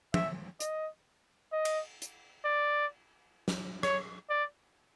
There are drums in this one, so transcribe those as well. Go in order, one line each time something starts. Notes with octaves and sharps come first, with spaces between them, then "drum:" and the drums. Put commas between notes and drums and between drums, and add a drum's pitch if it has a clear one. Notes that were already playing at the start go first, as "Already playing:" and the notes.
E5, drum: tom
D#5, drum: hi-hat
D#5
drum: cymbal
drum: hi-hat
D5
drum: snare
C#5, drum: rim click
D5